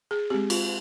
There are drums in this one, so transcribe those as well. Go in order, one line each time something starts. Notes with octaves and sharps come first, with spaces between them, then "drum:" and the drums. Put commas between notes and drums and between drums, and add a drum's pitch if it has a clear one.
G#4
G#3 C4 G4
F4, drum: cymbal